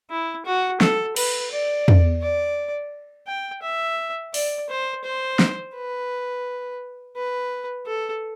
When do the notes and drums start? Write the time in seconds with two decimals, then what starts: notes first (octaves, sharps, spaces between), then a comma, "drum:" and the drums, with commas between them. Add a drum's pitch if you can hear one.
0.11 E4
0.46 F#4
0.81 A4, drum: snare
1.16 B4, drum: cymbal
1.52 D5
1.88 drum: tom
2.22 D5
3.27 G5
3.62 E5
4.34 D5, drum: open hi-hat
4.70 C5
5.04 C5
5.39 drum: snare
5.75 B4
7.16 B4
7.86 A4